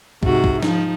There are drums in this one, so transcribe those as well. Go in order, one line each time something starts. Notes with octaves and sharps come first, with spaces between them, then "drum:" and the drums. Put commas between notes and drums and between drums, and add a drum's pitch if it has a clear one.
G#2 C3 F#4, drum: kick
drum: kick
F3 D#4, drum: snare